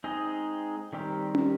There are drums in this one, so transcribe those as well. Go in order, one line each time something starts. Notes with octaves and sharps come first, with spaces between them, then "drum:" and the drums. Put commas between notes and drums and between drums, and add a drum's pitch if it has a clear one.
G#3 C4 D#4 G#4 D#5
D#3 G3 C4 G4 A#4
drum: tom